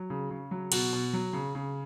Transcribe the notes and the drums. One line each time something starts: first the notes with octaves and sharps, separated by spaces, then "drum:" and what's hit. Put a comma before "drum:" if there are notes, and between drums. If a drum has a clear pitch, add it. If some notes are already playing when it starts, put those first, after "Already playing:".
Already playing: F#3
C#3
C#3
F#3
B2 F#4, drum: cymbal
B2
F#3
C#3
C#3